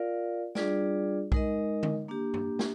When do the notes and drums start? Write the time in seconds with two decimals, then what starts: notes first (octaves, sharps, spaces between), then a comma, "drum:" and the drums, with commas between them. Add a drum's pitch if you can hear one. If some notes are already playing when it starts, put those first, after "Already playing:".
Already playing: F4 A#4 D5 F5
0.55 G3 D4 F4 G#4 D5, drum: snare
1.32 G#3 D#4 A#4 D#5, drum: kick B1
1.83 drum: tom D3
2.08 A#3 D4 G4
2.34 drum: tom G2
2.59 drum: snare